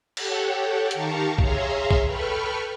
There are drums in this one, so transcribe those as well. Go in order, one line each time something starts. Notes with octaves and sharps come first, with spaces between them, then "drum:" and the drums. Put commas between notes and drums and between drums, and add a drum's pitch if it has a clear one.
G4 A4 C#5 F#5 G5, drum: cymbal
D#3 G4 F5 A5 A#5 C#6, drum: hi-hat
G#4 C#5 E5 F5 A#5 C6, drum: kick
drum: kick
A4 B4 G5 B5 C#6 F6